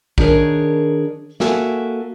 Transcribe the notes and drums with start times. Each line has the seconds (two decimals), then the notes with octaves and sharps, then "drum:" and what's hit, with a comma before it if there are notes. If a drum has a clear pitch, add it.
0.18 D#3 D4 G#4 A#4 C#5, drum: kick
1.40 A#3 F#4 A4 E5 G#5, drum: snare